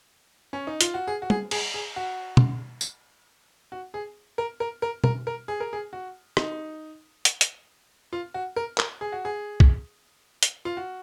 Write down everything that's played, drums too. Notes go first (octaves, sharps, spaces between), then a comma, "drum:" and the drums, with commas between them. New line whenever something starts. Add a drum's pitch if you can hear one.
C#4
D#4
F4, drum: hi-hat
F#4
G#4
F#4
G#4, drum: tom
G#4, drum: cymbal
G#4
F#4
drum: tom
drum: tambourine
F#4
G#4
A#4
A#4
A#4
A#4, drum: tom B2
A#4
G#4
A#4
G#4
F#4
D#4, drum: rim click
drum: hi-hat
drum: hi-hat
F4
F#4
A#4
A#4, drum: clap
G#4
F#4
G#4
drum: kick
drum: hi-hat
F4
F#4